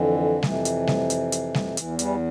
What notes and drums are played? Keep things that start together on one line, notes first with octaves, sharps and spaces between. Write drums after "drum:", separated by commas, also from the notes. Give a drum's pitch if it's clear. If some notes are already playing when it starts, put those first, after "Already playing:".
Already playing: F2 D3 E3
F2 C3 E3, drum: snare G3
drum: hi-hat
drum: snare G3
drum: hi-hat
drum: hi-hat
drum: snare G3
E2 E3, drum: hi-hat
E3 G3, drum: hi-hat